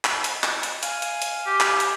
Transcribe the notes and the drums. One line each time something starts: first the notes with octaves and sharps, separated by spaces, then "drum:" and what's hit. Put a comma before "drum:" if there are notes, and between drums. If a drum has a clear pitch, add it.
drum: clap
drum: hi-hat
drum: clap
drum: hi-hat
F5 G#5, drum: hi-hat
drum: hi-hat
drum: hi-hat
G4
drum: clap
drum: hi-hat